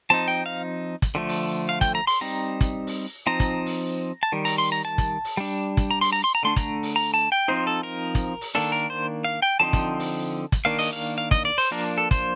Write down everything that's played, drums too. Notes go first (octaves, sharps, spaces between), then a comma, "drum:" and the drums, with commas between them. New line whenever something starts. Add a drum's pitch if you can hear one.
F3 C4 D#4 A5
G5
F5
drum: kick, hi-hat
D3 F3 A3
drum: open hi-hat
F5
G5, drum: kick, hi-hat
A#5
C6, drum: open hi-hat
G3 C4 D#4 A#5
drum: kick, hi-hat
drum: open hi-hat
F3 C4 D#4 A#5
drum: kick, hi-hat
drum: open hi-hat
A5
D#3 G3
A#5, drum: open hi-hat
C6
A#5
A5
drum: kick, hi-hat
drum: open hi-hat
G3 D4
drum: kick, hi-hat
A#5
C6, drum: open hi-hat
A#5
C6
A#5
D3 A3 D4 C6
A#5, drum: kick, hi-hat
drum: open hi-hat
A#5
A5
G5
F3 C4 D#4 C5
A4
A#4
drum: kick, hi-hat
drum: open hi-hat
D#3 A#3 D4 A4
A#4
C5
F5
G5
D3 F3 C4 D#4 A5
drum: kick, hi-hat
drum: open hi-hat
drum: kick, hi-hat
D#3 A#3 D4 F5
D#5, drum: open hi-hat
F5
F5
D#5, drum: kick, hi-hat
D5
C5, drum: open hi-hat
F3 A#3 D4 A#4
A4
C5, drum: kick, hi-hat